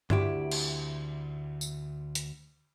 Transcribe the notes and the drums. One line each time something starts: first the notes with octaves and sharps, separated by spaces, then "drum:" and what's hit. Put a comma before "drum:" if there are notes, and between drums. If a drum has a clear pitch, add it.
D2 E4 G4, drum: tom G2
drum: cymbal
drum: tambourine
drum: hi-hat